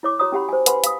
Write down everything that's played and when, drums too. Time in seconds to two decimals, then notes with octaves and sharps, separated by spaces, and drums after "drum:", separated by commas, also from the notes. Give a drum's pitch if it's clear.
0.03 E4 C#5 D6
0.19 F#4 C#5 A#5 D#6
0.32 C#4 G4 F#5 B5
0.49 C5 G#5
0.66 B4 C5 F#5 G#5 B5 C6, drum: hi-hat
0.84 F5 D#6, drum: hi-hat